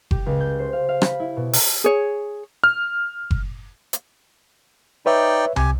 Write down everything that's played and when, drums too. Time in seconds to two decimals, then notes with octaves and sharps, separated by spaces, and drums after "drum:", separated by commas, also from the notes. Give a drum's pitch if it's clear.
0.11 G4, drum: kick F#1
0.26 C#2
0.40 G6
0.59 C5
0.73 F5
0.89 F5
1.02 B5, drum: rim click
1.20 E4
1.37 B2
1.53 drum: open hi-hat
1.84 G#4 C#5
2.64 F6
3.31 drum: kick F#1
3.93 drum: hi-hat
5.06 D#4 B4 C#5 D5 E5 G5
5.56 C3 G4 G#5, drum: tom C2